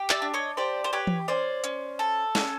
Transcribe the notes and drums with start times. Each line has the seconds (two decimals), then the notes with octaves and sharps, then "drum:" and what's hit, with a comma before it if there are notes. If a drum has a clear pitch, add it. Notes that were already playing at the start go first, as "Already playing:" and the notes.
Already playing: G4
0.09 D5 E5, drum: clap
0.22 D4
0.34 C#5 D#5
0.57 G4 C5 D5
0.84 C5
0.93 G4 B4 C#5
1.07 drum: tom E3
1.28 C#4 C5 D5
1.64 C#4, drum: hi-hat
1.99 A4
2.35 C#4, drum: snare